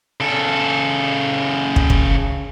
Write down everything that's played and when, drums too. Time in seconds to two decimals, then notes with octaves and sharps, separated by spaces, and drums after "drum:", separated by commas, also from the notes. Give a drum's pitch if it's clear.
0.20 C#3 A4
1.76 drum: kick
1.90 drum: kick